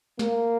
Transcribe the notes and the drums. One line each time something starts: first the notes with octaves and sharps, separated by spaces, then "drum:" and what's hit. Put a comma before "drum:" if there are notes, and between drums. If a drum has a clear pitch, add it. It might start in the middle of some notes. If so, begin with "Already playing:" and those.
A#3, drum: snare